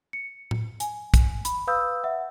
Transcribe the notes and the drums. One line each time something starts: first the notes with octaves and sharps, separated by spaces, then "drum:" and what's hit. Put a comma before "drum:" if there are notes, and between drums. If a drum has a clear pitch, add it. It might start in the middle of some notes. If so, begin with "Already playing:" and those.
C#7
drum: tom A2
G#5, drum: hi-hat
drum: kick, hi-hat
B5, drum: hi-hat
B4 F5 B5 D#6 E6 G6
E5 F#5